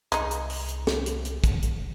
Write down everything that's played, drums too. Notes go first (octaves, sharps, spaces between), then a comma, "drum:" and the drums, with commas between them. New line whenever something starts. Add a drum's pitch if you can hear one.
C2 G#3 D#4, drum: hi-hat
drum: hi-hat
drum: open hi-hat
drum: hi-hat
drum: snare
drum: hi-hat
drum: hi-hat
drum: kick, hi-hat
drum: hi-hat